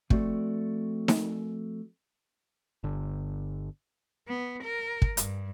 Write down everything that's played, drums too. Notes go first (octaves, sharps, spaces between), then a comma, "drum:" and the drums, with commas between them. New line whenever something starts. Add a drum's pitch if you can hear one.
F3 A3 C4 F#4 A4 D5, drum: kick
drum: snare D#4
G1 D3
B3
A#4
drum: kick
G2, drum: hi-hat